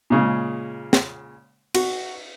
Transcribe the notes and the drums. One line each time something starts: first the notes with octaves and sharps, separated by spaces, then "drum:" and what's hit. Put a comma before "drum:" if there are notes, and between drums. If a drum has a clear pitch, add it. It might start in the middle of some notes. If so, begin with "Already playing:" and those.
A#2 C#3 G#3
drum: snare
F#4, drum: cymbal